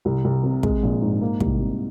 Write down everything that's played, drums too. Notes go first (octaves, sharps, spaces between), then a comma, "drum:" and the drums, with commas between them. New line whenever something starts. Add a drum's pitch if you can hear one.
C2
C2
C3
G#3, drum: kick
A#1
G#2
A#3
C2, drum: kick
C3